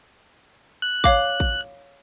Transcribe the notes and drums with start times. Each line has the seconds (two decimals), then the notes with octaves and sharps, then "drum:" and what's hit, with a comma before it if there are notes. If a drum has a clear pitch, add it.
0.82 F#6
1.04 C#5 F5 D6, drum: kick
1.40 drum: kick